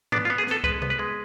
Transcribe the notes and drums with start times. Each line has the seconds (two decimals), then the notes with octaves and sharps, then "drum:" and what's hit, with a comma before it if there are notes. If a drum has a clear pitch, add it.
0.12 B3 D4, drum: tom G#2
0.25 F4
0.30 B3
0.38 G#4
0.47 B3 A4, drum: snare
0.64 G#3 B4, drum: kick C#2
0.82 B3, drum: tom C3
0.90 B4
0.99 G#3